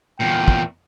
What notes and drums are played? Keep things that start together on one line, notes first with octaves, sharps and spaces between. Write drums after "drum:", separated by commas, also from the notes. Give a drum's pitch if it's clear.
E2 A#2 G5
drum: kick